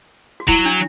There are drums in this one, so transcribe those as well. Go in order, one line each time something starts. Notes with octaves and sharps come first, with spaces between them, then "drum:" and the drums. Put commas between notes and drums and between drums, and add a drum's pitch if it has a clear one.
F#4
F#3 E4, drum: kick
D4